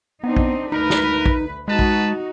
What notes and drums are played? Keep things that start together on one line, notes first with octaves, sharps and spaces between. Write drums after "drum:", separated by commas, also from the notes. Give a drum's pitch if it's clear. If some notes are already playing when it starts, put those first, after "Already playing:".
B3 C4 D4 D#4
drum: kick A#1
D2 D#4 A#4 B4
drum: snare
drum: kick A#1
G#3 D#4 F#4 B4 A5
drum: kick A#1